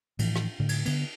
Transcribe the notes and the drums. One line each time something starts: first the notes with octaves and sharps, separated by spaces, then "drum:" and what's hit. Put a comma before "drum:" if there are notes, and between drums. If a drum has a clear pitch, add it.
A2 E3 F3, drum: cymbal
drum: rim click
A2 D3
drum: cymbal
D3 B3, drum: cymbal